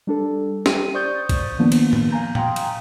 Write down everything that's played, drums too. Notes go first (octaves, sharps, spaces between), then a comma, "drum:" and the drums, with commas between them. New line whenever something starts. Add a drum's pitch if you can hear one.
G3 D4 A4
G4 D#7, drum: snare
C5 D5 C#6 D#6 G6 A6
drum: kick B1, cymbal
D#3 F3 A#3 B3 D4
drum: cymbal
drum: tom A2
F5 G#5 A#5 G6
F5 G5 G#5 A#5 C6 D#6, drum: tom A#2
drum: cymbal